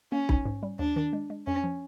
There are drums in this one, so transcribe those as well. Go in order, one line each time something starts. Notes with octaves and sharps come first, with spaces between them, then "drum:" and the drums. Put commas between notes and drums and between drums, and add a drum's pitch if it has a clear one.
A#3 C#4
D#4, drum: kick
G#2
G3
D#2 D4
D#3
G#3
G#3
F2 C#4
F3